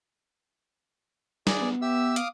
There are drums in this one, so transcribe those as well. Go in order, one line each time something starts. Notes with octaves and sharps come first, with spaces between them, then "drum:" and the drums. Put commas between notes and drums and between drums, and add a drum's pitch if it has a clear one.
G#4 D5, drum: snare
B3
G4 E5 E6
F5 D6 D#6, drum: hi-hat